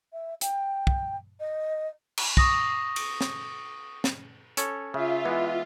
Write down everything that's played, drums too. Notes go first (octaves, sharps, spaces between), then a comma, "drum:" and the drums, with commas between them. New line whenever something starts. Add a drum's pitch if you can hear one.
E5
G5, drum: hi-hat
drum: kick
D#5
drum: cymbal
C#6 D#6 A#6, drum: kick
drum: cymbal
drum: snare
drum: snare
C#4 A4 C#5, drum: hi-hat
C#3 F4 E5
E3 G#3 B3